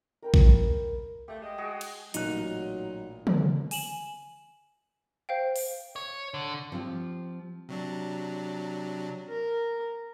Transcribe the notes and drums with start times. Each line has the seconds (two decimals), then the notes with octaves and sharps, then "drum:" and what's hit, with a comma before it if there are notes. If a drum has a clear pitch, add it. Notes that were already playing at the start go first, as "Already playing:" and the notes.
0.23 A#4 G5 B5
0.34 drum: kick A#1
1.28 A3 G4 F5
1.42 G#3 D#5 G5
1.58 F#4 G#4
1.81 drum: cymbal
2.14 A1 A#2 F#3 D#4 F#6, drum: hi-hat
3.27 drum: tom
3.71 G#5 E7 F#7, drum: open hi-hat
5.29 C5 F5 G5
5.56 drum: open hi-hat
5.96 C#5
6.34 D3
6.72 F3 C4 F4 G4
7.69 C3 F#3 D4
9.29 A#4